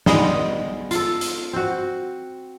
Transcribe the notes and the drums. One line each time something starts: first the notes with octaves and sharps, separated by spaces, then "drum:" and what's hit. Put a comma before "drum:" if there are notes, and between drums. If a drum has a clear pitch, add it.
G3 G#3 B3 D#5, drum: snare
F4 A4, drum: hi-hat
drum: hi-hat
C4 F#4